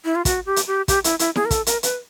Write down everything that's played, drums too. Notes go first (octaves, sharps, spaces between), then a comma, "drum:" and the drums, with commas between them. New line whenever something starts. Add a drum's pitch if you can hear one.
E4
F4
F#4, drum: kick, hi-hat
G4
drum: hi-hat
G4
G4, drum: kick, hi-hat
E4, drum: hi-hat
E4, drum: hi-hat
G#4, drum: snare E4
A#4
A4, drum: kick, hi-hat
A#4, drum: hi-hat
B4, drum: hi-hat